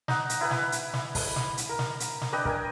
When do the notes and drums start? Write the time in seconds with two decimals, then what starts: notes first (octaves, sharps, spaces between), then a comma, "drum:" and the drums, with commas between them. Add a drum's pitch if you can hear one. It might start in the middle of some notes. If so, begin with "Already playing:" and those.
0.08 D#4 F#5, drum: snare
0.29 drum: hi-hat
0.41 E4 B4 G#5
0.51 drum: snare
0.72 drum: hi-hat
0.93 drum: snare
1.15 drum: kick, open hi-hat
1.36 drum: snare
1.57 drum: hi-hat
1.69 A#4
1.79 drum: snare
2.00 drum: hi-hat
2.21 drum: snare
2.32 D4 B4 D#5 G5
2.45 A#4 G5 G#5, drum: kick